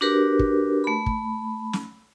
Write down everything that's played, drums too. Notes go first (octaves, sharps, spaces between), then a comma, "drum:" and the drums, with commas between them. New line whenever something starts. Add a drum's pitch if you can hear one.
D4 F#4 G4 A#4 B4
drum: kick
A3 B5
drum: kick
drum: snare